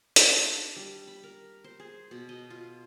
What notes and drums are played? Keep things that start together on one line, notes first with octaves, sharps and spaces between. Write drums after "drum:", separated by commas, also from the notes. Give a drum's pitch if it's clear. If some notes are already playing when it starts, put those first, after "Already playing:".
C#5, drum: hi-hat
D4
G3
B5
A#4
C5
G#4
B2
D#5
F4